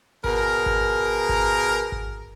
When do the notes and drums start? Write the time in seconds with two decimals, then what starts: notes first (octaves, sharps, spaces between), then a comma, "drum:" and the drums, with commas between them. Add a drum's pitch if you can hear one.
0.24 B2 G#4 A#4, drum: kick G#1
0.66 drum: kick G#1
1.29 drum: kick G#1
1.92 drum: kick G#1